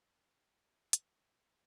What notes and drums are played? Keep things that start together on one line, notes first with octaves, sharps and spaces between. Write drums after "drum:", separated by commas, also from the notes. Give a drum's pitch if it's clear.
C4 F#4
E5
drum: hi-hat
A3